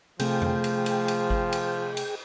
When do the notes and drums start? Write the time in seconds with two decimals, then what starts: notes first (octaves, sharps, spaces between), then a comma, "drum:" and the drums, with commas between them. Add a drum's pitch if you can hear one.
0.20 C3 F3 A3 G#4 G5, drum: cymbal
0.42 drum: tom F2
0.64 drum: cymbal
0.86 drum: cymbal
1.08 drum: cymbal
1.30 drum: kick G#1
1.53 drum: cymbal
1.97 drum: cymbal